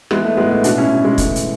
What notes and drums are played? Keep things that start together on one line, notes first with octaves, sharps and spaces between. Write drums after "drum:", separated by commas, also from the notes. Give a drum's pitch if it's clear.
E3 G#3 B3, drum: rim click
A3
A2 G#3 B3
A3
B2 D4 F#4, drum: hi-hat
C#4 E4
B2
G#3
E3 A3, drum: kick, hi-hat
drum: hi-hat